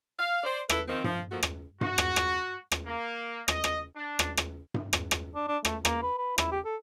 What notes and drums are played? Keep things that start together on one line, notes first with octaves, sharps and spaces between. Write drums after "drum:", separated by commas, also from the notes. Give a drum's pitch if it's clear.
F5
C5 D5
E4 A4 B4, drum: rim click
D#3 F3 C4
F3, drum: tom G2
F3 A3 A#3 F#4
drum: rim click
F#4, drum: tom G2
drum: rim click
drum: rim click
drum: rim click
A#3
D#5, drum: rim click
drum: rim click
D4
drum: rim click
drum: rim click
drum: tom G2
drum: rim click
drum: rim click
D4
D4
A3, drum: rim click
A#3, drum: rim click
B4
B4
E4, drum: rim click
G4
A4